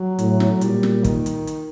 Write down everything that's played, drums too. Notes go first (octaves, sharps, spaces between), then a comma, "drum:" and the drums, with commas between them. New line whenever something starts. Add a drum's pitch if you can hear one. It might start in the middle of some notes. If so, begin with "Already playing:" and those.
Already playing: F#3
A2, drum: hi-hat
drum: snare
A#2 G3, drum: hi-hat
drum: snare
D#3, drum: kick, hi-hat
drum: hi-hat
drum: hi-hat